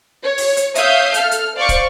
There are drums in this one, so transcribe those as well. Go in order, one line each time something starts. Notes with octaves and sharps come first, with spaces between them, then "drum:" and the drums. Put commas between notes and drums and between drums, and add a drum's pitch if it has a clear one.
C#5
drum: open hi-hat
drum: hi-hat
C#5 E5 F5 D#6 G6, drum: hi-hat
A4 F6, drum: hi-hat
drum: hi-hat
C5 D5 F5 C#6 D6
drum: kick, hi-hat